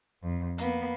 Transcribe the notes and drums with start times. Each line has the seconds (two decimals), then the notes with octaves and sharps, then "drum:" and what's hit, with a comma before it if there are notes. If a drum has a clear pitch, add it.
0.22 F2
0.58 A#3 B3, drum: hi-hat